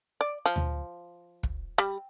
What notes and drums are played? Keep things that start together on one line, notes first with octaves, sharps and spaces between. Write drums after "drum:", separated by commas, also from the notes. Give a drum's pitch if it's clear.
D5
F3
drum: tom D2
drum: kick
G3